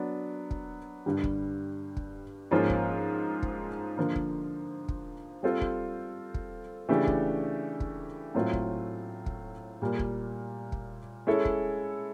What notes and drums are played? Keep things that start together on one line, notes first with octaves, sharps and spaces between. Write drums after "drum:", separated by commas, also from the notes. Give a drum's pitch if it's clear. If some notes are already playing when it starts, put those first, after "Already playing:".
Already playing: F#3 B3 D4 F#4
drum: kick
G2 D3 G3
drum: kick
drum: kick
G#2 F3 A#3 C#4 F4
drum: kick
drum: kick
D3 F3 A#3
drum: kick
drum: kick
G3 C4 F4 A4 C5
drum: kick
drum: kick
C#3 E3 A3 D4 G4
drum: kick
drum: kick
A2 F#3 A3 C4 F4
drum: kick
drum: kick
A#2 G3 A#3
drum: kick
drum: kick
G#3 C#4 E4 A4 C#5
drum: kick